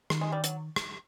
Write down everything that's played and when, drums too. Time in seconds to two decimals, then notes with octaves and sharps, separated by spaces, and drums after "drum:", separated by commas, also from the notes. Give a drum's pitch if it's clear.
0.10 D#3, drum: rim click
0.21 G#3
0.32 G3
0.44 F#3, drum: hi-hat
0.76 drum: rim click